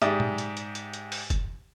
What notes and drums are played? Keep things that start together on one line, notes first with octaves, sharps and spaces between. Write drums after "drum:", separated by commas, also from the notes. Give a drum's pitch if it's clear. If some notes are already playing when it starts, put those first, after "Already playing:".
G#2 G4 D5 E5 D#6, drum: hi-hat
drum: tom
drum: hi-hat
drum: hi-hat
drum: hi-hat
drum: hi-hat
drum: open hi-hat
drum: kick, hi-hat